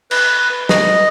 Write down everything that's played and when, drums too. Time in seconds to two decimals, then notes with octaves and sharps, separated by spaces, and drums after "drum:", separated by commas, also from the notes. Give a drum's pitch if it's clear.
0.11 B4, drum: cymbal
0.69 D#5, drum: snare